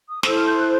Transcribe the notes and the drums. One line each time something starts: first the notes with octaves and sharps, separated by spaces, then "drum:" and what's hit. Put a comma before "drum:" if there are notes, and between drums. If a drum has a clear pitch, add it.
D#6
E4 A4 C5 E6, drum: snare
F6
G6
F#6